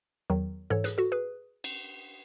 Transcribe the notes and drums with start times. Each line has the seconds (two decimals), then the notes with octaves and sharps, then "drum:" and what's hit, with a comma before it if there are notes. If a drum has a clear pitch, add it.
0.30 E2 D#3 F#3
0.70 G#2 E3 A4 C#5
0.84 G#4 B4, drum: hi-hat
0.98 F#4 A4
1.12 G#4 B4
1.64 drum: cymbal